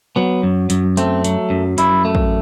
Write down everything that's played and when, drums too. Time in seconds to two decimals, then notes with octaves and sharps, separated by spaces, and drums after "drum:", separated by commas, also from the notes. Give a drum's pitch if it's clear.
0.16 F#3 B3
0.43 F#2
0.70 F#2, drum: hi-hat
0.97 A3 C4, drum: hi-hat
1.24 F#3, drum: hi-hat
1.50 F#2
1.78 F#2 E4, drum: hi-hat
2.05 A3
2.15 drum: kick